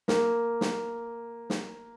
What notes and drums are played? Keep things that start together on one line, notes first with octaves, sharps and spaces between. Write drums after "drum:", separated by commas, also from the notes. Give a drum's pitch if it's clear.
A#3, drum: snare
drum: snare
drum: snare